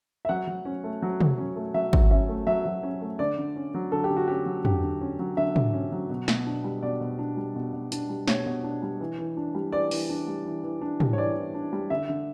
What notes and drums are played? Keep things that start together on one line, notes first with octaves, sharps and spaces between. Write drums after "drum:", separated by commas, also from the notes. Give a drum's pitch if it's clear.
E5
F#3 F#5
F#3
C#4
A3
F#3
F#3, drum: tom
C#4
A3
F#3 E5
F#3, drum: kick
C#4 E5
A3
F#3 E5
F#3
C#4
A3
D3 D5
D3
C#4
F#3
D3 A4
G4
D3
F#4
C#4 G4
F#3
D3 G4, drum: tom
D3
C#4
F#3
D3 E5
D3, drum: tom
C#4
F#3
B2
B2, drum: snare
D4
G3
B2 D5
B2
D4
G3
B2
B2
D4, drum: hi-hat
G3
B2 C#5, drum: snare
B2
D4
G3
E3
E3
D4
G3
E3 D5
E3, drum: open hi-hat
D4
G3
E3
E3
D4
G3, drum: tom
C#5
E3 D5
E3
D4
G3
D3 E5
D3